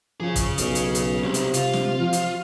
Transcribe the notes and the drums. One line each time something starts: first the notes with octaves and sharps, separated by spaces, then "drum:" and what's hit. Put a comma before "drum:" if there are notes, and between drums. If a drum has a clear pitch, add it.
F3 C#4 G#4
drum: kick, hi-hat
B1, drum: hi-hat
drum: hi-hat
drum: hi-hat
C2 C3
drum: hi-hat
F4, drum: hi-hat
drum: snare
F3
drum: hi-hat